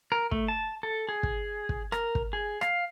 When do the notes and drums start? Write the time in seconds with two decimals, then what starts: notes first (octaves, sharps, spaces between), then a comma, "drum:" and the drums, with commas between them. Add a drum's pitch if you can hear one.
0.12 A#4
0.31 A3, drum: kick
0.48 A5
0.83 A4
1.09 G#4
1.23 drum: kick
1.69 drum: kick
1.92 A#4, drum: rim click
2.15 drum: kick
2.33 G#4
2.61 F5, drum: rim click